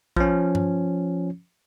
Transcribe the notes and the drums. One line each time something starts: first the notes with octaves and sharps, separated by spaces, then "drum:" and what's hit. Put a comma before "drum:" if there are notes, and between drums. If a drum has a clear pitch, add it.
F3 C#4, drum: kick A#1
drum: tom G2